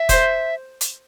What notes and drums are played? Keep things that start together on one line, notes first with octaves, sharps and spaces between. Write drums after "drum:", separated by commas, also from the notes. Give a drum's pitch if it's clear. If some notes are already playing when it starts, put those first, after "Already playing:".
Already playing: E5
C5, drum: kick, hi-hat
drum: hi-hat